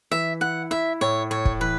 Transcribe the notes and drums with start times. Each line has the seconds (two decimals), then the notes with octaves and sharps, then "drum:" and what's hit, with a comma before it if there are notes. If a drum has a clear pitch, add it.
0.11 E3 E5
0.41 E4 F#5
0.71 E4 E5
1.01 A2 C#5
1.30 A2 C#5
1.45 drum: kick
1.60 E3 B4